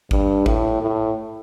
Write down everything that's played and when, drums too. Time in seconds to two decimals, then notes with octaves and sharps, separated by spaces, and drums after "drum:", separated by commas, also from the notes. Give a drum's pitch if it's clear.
0.11 G2, drum: kick G#1
0.46 A2, drum: kick G#1
0.81 A2